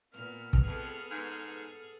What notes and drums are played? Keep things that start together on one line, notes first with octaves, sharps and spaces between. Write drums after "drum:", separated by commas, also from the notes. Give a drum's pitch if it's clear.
A#2 B3 F6
drum: kick
F2 G#4 A4
G#2